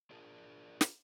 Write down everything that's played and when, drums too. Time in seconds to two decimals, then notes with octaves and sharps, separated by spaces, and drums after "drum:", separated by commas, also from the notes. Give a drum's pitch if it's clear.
0.11 D4 F4 G#4 A#4
0.81 drum: snare